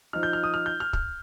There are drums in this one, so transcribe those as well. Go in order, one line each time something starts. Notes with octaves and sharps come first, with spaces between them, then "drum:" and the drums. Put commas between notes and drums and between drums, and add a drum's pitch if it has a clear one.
F3 D#4 F6
G6
F6
D#6
F6
G6
F6
F6, drum: kick